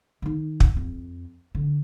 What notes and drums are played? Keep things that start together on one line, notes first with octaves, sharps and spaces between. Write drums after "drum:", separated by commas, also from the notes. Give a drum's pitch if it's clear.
D#3 D#4
drum: kick
F2
D3